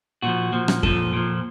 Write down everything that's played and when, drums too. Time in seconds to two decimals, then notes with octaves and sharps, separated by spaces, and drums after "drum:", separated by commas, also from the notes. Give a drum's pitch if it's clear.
0.22 A#2 F3 F#4
0.53 A#2 F3
0.68 drum: rim click
0.83 A#2 F3 A4, drum: kick F2
1.13 A#2 F3